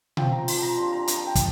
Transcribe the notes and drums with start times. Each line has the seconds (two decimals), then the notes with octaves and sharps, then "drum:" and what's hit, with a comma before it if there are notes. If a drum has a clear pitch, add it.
0.17 F3 C4 F4 G5, drum: tom B2
0.32 A#5
0.48 C6, drum: open hi-hat
0.58 A5 A#5
0.77 G3 A#3 D4 C6
0.92 A#5
1.08 A#5, drum: hi-hat
1.17 A5
1.26 G5
1.35 A5, drum: kick, hi-hat